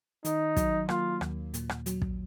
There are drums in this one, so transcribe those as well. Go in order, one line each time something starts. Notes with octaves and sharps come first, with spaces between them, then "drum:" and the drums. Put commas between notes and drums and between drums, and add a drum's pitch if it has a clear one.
D#3 D#4, drum: hi-hat
F#3, drum: kick, hi-hat
A#3 F4, drum: rim click
D#2, drum: rim click
A#2, drum: hi-hat
drum: rim click
F#3, drum: hi-hat
drum: kick